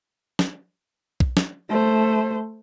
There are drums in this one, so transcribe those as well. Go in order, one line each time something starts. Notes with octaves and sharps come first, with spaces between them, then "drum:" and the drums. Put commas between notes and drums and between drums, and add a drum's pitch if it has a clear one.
drum: snare
drum: kick
drum: snare
A3 C5